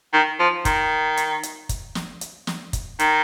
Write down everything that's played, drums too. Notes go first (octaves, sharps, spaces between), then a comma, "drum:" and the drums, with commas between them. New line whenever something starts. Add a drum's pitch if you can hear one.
D#3
F3
D#3, drum: kick, hi-hat
drum: hi-hat
drum: hi-hat
drum: kick, hi-hat
drum: snare
drum: hi-hat
drum: snare
drum: kick, hi-hat
D#3, drum: hi-hat